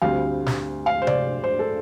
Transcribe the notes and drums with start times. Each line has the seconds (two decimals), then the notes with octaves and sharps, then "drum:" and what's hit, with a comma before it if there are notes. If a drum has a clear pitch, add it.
0.02 D2 D3 G3 C4 F5
0.46 drum: snare
0.86 F5
1.02 C5
1.07 D5, drum: tom C3
1.44 C5
1.59 A4